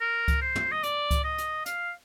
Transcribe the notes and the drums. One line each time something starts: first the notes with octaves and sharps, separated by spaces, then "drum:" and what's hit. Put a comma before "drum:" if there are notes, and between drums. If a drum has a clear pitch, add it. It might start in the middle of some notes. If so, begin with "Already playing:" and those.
A#4
drum: kick C#2, hi-hat
C5
drum: tom
D#5
D5, drum: hi-hat
drum: kick C#2, hi-hat
D#5
drum: hi-hat
F5, drum: hi-hat